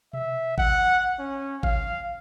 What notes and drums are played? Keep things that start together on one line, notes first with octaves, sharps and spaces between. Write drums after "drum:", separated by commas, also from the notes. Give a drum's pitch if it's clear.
E5, drum: tom B2
F#5, drum: kick G#1
C#4
F5, drum: kick G#1